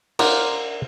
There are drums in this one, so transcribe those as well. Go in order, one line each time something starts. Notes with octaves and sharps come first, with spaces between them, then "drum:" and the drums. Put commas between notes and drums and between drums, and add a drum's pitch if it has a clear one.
A#4 C5 D5 F5 F#5 A#5, drum: cymbal